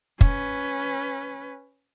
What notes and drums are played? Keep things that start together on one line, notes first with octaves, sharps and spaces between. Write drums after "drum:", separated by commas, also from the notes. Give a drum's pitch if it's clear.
C#4 B4, drum: kick